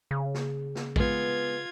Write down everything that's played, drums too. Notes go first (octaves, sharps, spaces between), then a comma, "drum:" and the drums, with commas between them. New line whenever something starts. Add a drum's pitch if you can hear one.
C#3
drum: snare
drum: snare
G#3 B3 F4 G#6, drum: kick